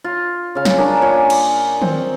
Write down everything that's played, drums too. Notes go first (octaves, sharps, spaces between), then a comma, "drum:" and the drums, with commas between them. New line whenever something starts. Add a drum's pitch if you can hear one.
F4
C#3 F5
drum: snare
D4 G#4 A#4 C#5
A#2 C#5 F5 G#5
drum: cymbal
C4, drum: tom D#3